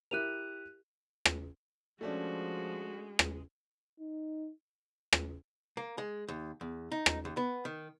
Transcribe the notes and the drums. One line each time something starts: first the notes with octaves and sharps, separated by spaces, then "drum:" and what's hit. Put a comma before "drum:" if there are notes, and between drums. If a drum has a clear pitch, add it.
E4 G4 A#4 F#6 D#7 F7
drum: rim click
F3 G#3 A3 C#4 D4 F#4
drum: rim click
D#4
drum: rim click
A#3
G#3
D#2
E2
D#4
drum: rim click
D#2
B3
D#3